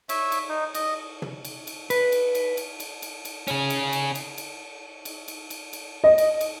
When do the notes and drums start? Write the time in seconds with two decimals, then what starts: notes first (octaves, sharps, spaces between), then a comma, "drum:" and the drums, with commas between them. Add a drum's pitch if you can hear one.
0.09 C#5 E5, drum: cymbal
0.32 drum: cymbal
0.49 D#4
0.75 D#5, drum: cymbal
1.22 drum: tom
1.45 drum: cymbal
1.67 drum: cymbal
1.90 B4, drum: cymbal
2.12 drum: cymbal
2.35 drum: cymbal
2.57 drum: cymbal
2.80 drum: cymbal
3.02 drum: cymbal
3.25 drum: cymbal
3.47 C#4 G#4, drum: cymbal
3.70 drum: cymbal
3.93 drum: cymbal
4.15 drum: cymbal
4.38 drum: cymbal
5.05 drum: cymbal
5.28 drum: cymbal
5.50 drum: cymbal
5.73 drum: cymbal
6.04 D#5
6.18 drum: cymbal
6.41 drum: cymbal